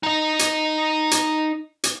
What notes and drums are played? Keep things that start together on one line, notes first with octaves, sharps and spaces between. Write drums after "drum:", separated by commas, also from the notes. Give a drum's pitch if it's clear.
D#4 D#5
drum: hi-hat
drum: hi-hat
drum: hi-hat